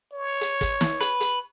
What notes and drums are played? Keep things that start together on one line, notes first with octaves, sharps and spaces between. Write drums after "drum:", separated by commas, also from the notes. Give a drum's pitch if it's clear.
C#5
drum: hi-hat
drum: kick, hi-hat
drum: snare
B4, drum: hi-hat
drum: hi-hat